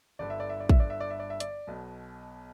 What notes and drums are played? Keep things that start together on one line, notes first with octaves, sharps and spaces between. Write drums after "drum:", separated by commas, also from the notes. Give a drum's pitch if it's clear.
G1 G2 D3 D5
E5
D5
E5
D5
E5, drum: kick
D5
E5
D5
E5
D5
E5
D5, drum: hi-hat
B1 B2